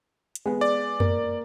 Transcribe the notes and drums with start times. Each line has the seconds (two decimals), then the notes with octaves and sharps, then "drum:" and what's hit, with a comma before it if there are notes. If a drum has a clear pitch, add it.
0.35 drum: hi-hat
0.46 G#3 B3
0.61 D5
1.00 A#3, drum: tom F2